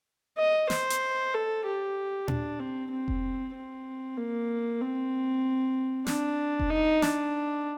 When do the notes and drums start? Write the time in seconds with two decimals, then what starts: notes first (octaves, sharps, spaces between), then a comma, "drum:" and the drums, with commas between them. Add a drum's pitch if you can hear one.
0.38 D#5
0.70 C5, drum: snare
0.90 drum: hi-hat
1.34 A4
1.66 G4
2.28 D4, drum: tom A#2
2.59 C4
2.91 C4
3.08 drum: kick F1
3.55 C4
4.17 A#3
4.81 C4
6.07 D4, drum: snare
6.60 drum: kick F1
6.70 D#4
7.02 D4, drum: snare